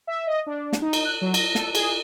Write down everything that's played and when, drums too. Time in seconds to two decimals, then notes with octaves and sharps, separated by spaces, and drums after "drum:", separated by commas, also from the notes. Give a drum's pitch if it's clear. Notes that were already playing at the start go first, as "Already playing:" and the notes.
0.07 E5
0.27 D#5
0.46 D4
0.73 drum: snare
0.82 D#4
0.93 drum: cymbal
1.05 F#6
1.21 F#3
1.34 A#6, drum: cymbal
1.55 A4, drum: snare
1.75 G#4, drum: cymbal